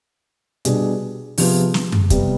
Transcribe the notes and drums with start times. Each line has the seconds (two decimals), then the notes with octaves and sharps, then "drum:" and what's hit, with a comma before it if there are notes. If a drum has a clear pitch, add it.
0.65 B2 G3 D4 G#4, drum: hi-hat
1.38 C3 F3 B3 F4 G#4, drum: open hi-hat
1.74 drum: snare
1.92 drum: tom F#2
2.10 C3 G3 B3, drum: kick, hi-hat